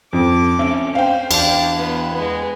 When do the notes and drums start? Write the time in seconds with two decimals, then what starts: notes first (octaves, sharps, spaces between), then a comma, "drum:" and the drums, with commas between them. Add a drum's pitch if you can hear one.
0.13 F2 A4 D6
0.59 C4 C#4 E5
0.95 C5 F5 G5
1.31 E2 D4, drum: cymbal
1.78 B3
2.13 G#3 B3